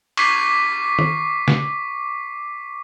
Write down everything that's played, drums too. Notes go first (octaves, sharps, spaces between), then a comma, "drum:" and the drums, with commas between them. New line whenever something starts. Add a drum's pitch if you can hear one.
C#6 D6 B6 C7, drum: cymbal
drum: tom
drum: snare